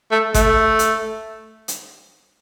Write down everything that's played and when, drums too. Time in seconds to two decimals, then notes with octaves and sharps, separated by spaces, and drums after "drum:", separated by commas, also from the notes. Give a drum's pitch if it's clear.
0.12 A3
0.34 A3, drum: kick G#1, hi-hat
0.79 drum: hi-hat
1.68 drum: hi-hat